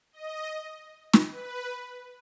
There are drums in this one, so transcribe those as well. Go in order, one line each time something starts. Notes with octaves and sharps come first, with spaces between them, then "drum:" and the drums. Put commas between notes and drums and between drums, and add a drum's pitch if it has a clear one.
D#5
drum: snare
B4